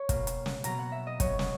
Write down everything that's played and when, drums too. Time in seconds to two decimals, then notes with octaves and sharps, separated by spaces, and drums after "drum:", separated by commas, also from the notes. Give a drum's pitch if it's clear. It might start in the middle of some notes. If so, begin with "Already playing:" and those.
Already playing: C#5
0.09 B2 A#3, drum: kick, hi-hat
0.27 drum: hi-hat
0.46 drum: snare
0.64 B2 F#3 B3 A#5, drum: hi-hat
0.79 F#5
0.92 E5
1.07 D#5
1.20 B2 F#3 B3 C#5, drum: kick, hi-hat
1.39 drum: snare